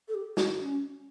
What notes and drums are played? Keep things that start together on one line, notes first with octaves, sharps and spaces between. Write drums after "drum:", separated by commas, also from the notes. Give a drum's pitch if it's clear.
A4
G4
F#4, drum: snare
C#4